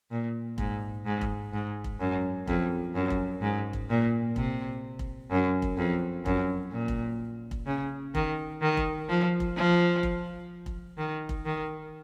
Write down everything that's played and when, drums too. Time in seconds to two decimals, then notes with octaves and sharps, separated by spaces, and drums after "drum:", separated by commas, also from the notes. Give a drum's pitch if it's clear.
0.11 A#2
0.58 G#2, drum: kick
1.06 G#2
1.21 drum: kick
1.53 G#2
1.84 drum: kick
2.00 F#2
2.47 F2, drum: kick
2.94 F#2
3.10 drum: kick
3.42 G#2
3.73 drum: kick
3.89 A#2
4.36 C3, drum: kick
4.99 drum: kick
5.31 F#2
5.62 drum: kick
5.77 F2
6.26 F#2, drum: kick
6.72 A#2
6.88 drum: kick
7.51 drum: kick
7.66 C#3
8.15 D#3, drum: kick
8.62 D#3
8.77 drum: kick
9.09 F3
9.40 drum: kick
9.56 F3
10.03 drum: kick
10.66 drum: kick
10.97 D#3
11.29 drum: kick
11.45 D#3